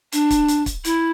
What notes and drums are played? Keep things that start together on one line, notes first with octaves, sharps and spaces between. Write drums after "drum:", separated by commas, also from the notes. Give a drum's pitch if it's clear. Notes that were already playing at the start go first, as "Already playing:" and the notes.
D4, drum: hi-hat
drum: kick, hi-hat
drum: hi-hat
drum: kick, hi-hat
E4, drum: hi-hat